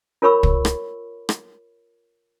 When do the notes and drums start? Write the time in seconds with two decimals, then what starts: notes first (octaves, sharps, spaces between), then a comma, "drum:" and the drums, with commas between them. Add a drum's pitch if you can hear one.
0.22 F4 A#4 C#5 B5 C#6 E6
0.43 drum: kick
0.65 drum: rim click
1.29 drum: rim click